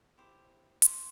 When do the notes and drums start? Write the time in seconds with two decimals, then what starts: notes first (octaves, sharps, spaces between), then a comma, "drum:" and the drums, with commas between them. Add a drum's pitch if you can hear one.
0.18 E4 G4 C5 D6
0.82 C6, drum: hi-hat